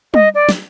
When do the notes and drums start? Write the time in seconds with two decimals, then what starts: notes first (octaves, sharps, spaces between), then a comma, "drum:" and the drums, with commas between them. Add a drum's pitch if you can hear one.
0.14 D#5, drum: tom G3
0.35 D5
0.49 drum: snare